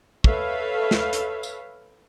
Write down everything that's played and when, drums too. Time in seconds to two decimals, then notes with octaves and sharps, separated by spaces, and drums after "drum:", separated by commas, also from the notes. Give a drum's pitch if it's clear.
0.24 A4 B4 C#5 E5 F5, drum: kick
0.91 drum: snare
1.13 drum: hi-hat
1.43 drum: tambourine